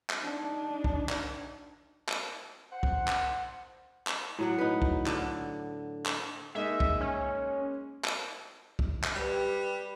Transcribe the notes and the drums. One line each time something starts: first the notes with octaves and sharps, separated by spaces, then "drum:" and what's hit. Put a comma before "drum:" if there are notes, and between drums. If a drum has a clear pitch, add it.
drum: clap
D4 D#4
drum: kick
drum: clap
drum: clap
C5 F#5
drum: kick
drum: clap
drum: clap
A2 F#3 F#5
D#4 B4
drum: kick
D3, drum: clap
drum: clap
G#3 A#3 D#4 E5
drum: kick
C#4
drum: clap
drum: kick
drum: clap
G3 G4 B4